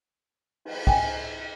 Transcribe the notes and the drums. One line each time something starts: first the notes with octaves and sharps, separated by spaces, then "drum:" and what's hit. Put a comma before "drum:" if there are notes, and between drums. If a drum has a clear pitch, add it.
drum: cymbal
G5 G#5, drum: kick